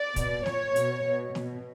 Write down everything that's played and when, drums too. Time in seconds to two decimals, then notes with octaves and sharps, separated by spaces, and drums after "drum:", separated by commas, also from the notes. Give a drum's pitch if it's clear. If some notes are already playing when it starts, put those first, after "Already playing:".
Already playing: D5
0.16 B2, drum: kick, hi-hat
0.46 A#2 C#5, drum: snare
0.76 B2, drum: hi-hat
1.05 B2
1.35 B2, drum: snare